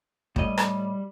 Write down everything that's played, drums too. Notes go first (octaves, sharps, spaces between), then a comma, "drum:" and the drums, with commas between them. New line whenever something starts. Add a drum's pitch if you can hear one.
A2 G3 D#5, drum: kick
drum: rim click